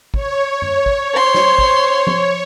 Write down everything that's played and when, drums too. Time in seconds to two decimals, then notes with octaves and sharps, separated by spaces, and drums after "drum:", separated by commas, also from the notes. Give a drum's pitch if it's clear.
0.14 C#5, drum: kick
0.62 drum: tom F#2
0.86 drum: kick
1.14 C5 C6
1.34 drum: snare
1.58 drum: kick
2.07 drum: tom F3